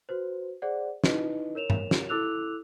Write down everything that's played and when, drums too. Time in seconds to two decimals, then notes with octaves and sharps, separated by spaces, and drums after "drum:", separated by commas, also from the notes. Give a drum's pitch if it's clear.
0.09 F#4 B4 C5
0.62 G#4 C5 D5 F#5
1.04 D#4 E4 B4 D#5, drum: snare
1.55 A#4 C#5 E7 F7
1.70 drum: tom G2
1.91 drum: snare
2.09 E4 A4 D6 E6 F#6 F7